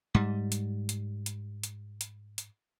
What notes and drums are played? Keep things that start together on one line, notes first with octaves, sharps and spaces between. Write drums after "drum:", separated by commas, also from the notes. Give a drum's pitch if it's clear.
G#2 G3
drum: hi-hat
drum: hi-hat
drum: hi-hat
drum: hi-hat
drum: hi-hat
drum: hi-hat